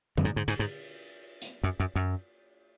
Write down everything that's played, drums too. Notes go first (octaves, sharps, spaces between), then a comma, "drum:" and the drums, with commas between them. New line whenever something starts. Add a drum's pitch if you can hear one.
F#2, drum: tom D3
G#2
G#2
G#2, drum: cymbal
G#2
drum: hi-hat
F#2
F#2
F#2